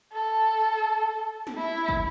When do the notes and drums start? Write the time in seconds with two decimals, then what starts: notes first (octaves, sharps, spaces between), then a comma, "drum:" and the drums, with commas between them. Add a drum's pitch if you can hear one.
0.12 A4
1.47 drum: snare
1.57 E4
1.89 drum: kick